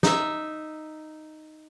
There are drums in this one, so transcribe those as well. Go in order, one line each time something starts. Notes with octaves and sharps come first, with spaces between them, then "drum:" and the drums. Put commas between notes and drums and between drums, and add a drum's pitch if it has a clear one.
D#4 E5, drum: snare